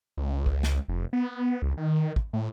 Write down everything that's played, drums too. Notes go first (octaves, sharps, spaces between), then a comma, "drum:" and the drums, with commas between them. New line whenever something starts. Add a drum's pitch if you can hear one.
C#2
drum: kick
drum: snare
F1
B3
C#2
D#3
drum: kick
A2